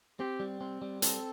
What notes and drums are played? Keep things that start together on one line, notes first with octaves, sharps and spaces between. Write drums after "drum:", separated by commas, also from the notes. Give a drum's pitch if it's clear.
C4 G4
G3
C4
G3
C4 A4, drum: hi-hat